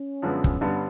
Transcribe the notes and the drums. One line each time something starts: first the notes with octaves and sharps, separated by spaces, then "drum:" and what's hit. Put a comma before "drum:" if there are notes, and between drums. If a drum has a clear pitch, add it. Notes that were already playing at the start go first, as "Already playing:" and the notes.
Already playing: C#4
F#2 D3 F3 G#3 B3
drum: kick
G2 D3 G3 B3